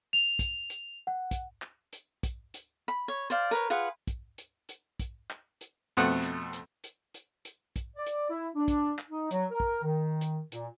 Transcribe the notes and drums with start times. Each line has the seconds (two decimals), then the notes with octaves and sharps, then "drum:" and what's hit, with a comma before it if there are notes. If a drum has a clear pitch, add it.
0.13 F7
0.39 drum: kick, hi-hat
0.70 drum: hi-hat
1.07 F#5
1.31 drum: kick, hi-hat
1.62 drum: clap
1.93 drum: hi-hat
2.23 drum: kick, hi-hat
2.54 drum: hi-hat
2.88 B5
3.08 C#5
3.30 C5 D5 F5
3.51 A#4 B4 C#5
3.70 F4 G#4 B4 F#5
4.07 drum: kick, hi-hat
4.38 drum: hi-hat
4.69 drum: hi-hat
5.00 drum: kick, hi-hat
5.30 drum: clap
5.61 drum: hi-hat
5.97 F2 B2 A3 C4 F#5
6.22 drum: hi-hat
6.53 drum: hi-hat
6.84 drum: hi-hat
7.14 drum: hi-hat
7.45 drum: hi-hat
7.76 drum: kick, hi-hat
7.96 D5
8.06 drum: hi-hat
8.29 E4
8.55 D4
8.68 drum: kick, hi-hat
8.98 drum: clap
9.10 D#4
9.31 F#3, drum: hi-hat
9.51 A#4
9.60 drum: kick
9.83 D#3
10.21 drum: hi-hat
10.52 A#2, drum: hi-hat